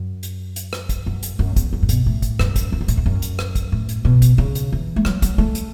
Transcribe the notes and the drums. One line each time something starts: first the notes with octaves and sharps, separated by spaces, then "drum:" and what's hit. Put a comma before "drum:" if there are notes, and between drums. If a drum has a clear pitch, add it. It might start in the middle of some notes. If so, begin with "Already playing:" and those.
Already playing: F#2
drum: hi-hat
drum: hi-hat
drum: rim click
drum: kick, hi-hat
F#2
drum: hi-hat
F#2
E2, drum: kick, hi-hat
F#2
A2
B2, drum: hi-hat
A2
drum: kick, hi-hat
F#2, drum: rim click
drum: kick, hi-hat
E2
F#2
A2, drum: hi-hat
E2
F#2
drum: hi-hat
drum: rim click
drum: kick, hi-hat
A2
drum: hi-hat
B2
drum: kick, hi-hat
C#3
drum: hi-hat
E3
A3
F#3, drum: rim click
F#3, drum: kick, hi-hat
A3
drum: hi-hat